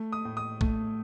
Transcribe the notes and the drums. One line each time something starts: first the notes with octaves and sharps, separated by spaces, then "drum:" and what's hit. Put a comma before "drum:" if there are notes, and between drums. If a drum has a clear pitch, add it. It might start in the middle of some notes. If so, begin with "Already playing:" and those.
Already playing: A3
D#6
A2
D#6
A3, drum: kick